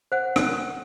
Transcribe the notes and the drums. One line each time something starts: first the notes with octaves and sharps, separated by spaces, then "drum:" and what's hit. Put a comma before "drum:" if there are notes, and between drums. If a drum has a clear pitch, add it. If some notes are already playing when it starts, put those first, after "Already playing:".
C5 F#5
drum: rim click